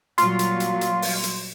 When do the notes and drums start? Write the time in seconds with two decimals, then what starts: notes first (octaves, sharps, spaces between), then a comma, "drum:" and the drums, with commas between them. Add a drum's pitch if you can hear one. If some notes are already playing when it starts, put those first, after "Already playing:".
0.18 A#2 F#3 G3 F4 C6, drum: hi-hat
0.39 drum: hi-hat
0.60 drum: hi-hat
0.81 drum: hi-hat
1.02 drum: open hi-hat
1.23 drum: hi-hat